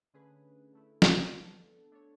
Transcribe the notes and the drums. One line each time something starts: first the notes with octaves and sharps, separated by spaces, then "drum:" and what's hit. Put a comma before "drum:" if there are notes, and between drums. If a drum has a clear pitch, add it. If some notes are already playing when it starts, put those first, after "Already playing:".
D3 A3 C#4 G#4 B4
D3 A3 E4
drum: snare
B3 D4 A4
A3 D4 A4 C#5